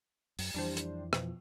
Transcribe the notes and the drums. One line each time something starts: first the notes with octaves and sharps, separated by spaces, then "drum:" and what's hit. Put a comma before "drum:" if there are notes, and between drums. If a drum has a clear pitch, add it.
F#2, drum: open hi-hat
F2 E3 G3 D4 C5
drum: hi-hat
B2 F3, drum: rim click